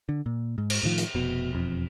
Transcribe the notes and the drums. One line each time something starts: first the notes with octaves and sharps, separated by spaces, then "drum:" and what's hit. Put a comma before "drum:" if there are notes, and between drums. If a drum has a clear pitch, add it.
D3
A#2
G#2
drum: cymbal
A2 D#3 F3
drum: hi-hat
F1 B2
E1 F2